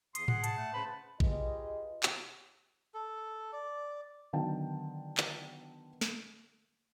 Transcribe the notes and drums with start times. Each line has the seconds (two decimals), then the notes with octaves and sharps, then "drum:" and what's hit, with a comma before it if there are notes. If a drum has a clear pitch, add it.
0.15 E2 C6 D#6, drum: hi-hat
0.28 G#4 F#5, drum: tom A2
0.44 A5, drum: hi-hat
0.57 A3 F#5
0.74 C#3 B4 C5 B5
1.20 F4 G4 G#4 B4 D#5, drum: kick A1
2.03 drum: clap
2.94 A4
3.53 D5
4.33 D3 D#3 F#3 B3 G5 A5
5.17 drum: clap
6.01 drum: snare